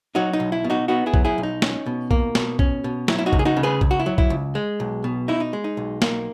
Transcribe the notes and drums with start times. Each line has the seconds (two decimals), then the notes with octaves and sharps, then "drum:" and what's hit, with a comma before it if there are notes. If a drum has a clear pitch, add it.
0.15 F#3 D#4 F#4
0.33 D#4
0.40 B1
0.52 E4
0.64 B2
0.70 D#4 F#4
0.88 B3 D#4 F#4
1.06 E4 G#4
1.14 F#3, drum: kick
1.25 E4 G#4
1.38 B1
1.43 D#4
1.62 C#4, drum: snare
1.86 B2
2.11 A#3, drum: kick
2.35 B2, drum: snare
2.59 C#4, drum: kick
2.84 B2
3.08 F#3 E4, drum: snare
3.18 E4
3.26 D#4 F#4
3.33 C#2, drum: kick
3.39 G#4
3.45 D#4 F#4
3.57 C#3
3.63 G#4 B4
3.81 C#2, drum: kick
3.91 F#4
3.99 E4
4.06 F#3
4.18 E4, drum: kick
4.30 C#2
4.55 G#3
4.80 B1
5.04 B2
5.28 D#4 E4
5.40 D#4
5.53 G#3
5.64 D#4
5.77 B1
6.02 A#3, drum: snare